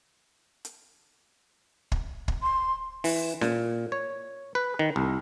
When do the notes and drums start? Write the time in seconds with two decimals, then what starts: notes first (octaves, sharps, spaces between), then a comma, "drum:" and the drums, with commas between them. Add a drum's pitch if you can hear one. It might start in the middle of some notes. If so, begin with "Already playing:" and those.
0.65 drum: hi-hat
1.92 drum: kick
2.28 drum: kick
2.42 C6
3.04 E3, drum: open hi-hat
3.41 A#2, drum: snare C#4
3.92 C#5
4.55 B4
4.79 D#3
4.96 C2